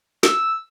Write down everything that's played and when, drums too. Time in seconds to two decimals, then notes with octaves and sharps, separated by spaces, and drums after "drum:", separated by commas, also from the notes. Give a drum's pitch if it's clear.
0.23 E6, drum: snare